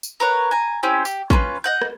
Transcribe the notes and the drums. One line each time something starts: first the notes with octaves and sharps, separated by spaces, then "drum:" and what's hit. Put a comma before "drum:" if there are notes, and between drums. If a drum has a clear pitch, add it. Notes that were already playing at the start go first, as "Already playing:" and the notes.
drum: tambourine
A#4 B4 C#5 F#5
G#5 A#5
C4 C#4 E4 G4
G4, drum: tambourine
C#4 F4 A#4 B4, drum: kick
D#5 F#5 G6
drum: rim click